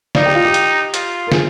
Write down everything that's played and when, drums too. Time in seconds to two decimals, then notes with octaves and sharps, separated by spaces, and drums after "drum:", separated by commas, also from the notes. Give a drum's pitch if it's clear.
0.15 D#4 D5 F5, drum: snare
0.26 G4
0.35 F4
0.44 G4
0.54 drum: hi-hat
0.94 F4, drum: hi-hat
1.27 A#4
1.32 F4 G#4, drum: snare